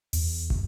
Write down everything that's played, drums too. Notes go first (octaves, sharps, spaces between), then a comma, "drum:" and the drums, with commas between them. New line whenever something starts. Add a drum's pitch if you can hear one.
E2, drum: open hi-hat
drum: kick